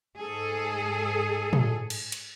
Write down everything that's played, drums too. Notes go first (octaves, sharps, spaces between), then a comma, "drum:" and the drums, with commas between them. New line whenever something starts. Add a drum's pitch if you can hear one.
G#2 G#4 A4
drum: tom
drum: cymbal
drum: hi-hat